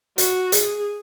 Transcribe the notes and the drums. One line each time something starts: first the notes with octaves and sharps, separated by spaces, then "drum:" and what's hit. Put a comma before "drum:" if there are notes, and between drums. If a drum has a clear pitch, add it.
F#4, drum: hi-hat
G#4, drum: hi-hat